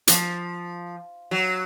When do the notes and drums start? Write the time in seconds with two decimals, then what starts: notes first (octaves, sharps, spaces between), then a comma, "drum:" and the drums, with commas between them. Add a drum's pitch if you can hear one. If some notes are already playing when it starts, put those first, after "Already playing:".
0.07 F3, drum: hi-hat
1.31 F#3